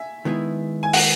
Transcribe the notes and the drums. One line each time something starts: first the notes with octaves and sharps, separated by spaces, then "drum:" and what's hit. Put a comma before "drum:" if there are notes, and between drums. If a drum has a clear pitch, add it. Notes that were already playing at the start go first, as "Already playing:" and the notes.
Already playing: E5 G#5
D#3 G#3 B3 E4 G#4
G#5
F#5, drum: open hi-hat